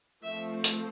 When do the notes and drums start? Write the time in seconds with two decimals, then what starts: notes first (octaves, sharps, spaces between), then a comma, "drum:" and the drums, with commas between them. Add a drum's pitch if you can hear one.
0.23 F3 A3 C4 E5
0.64 drum: hi-hat